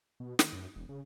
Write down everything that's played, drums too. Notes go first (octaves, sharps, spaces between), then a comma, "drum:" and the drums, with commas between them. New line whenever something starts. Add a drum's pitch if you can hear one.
B2
D#3, drum: snare
F#2
E1
C#3